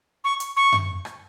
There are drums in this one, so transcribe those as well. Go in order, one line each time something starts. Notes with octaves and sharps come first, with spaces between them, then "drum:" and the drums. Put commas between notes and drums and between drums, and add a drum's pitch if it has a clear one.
C#6
drum: hi-hat
C#6
drum: tom F#2
drum: rim click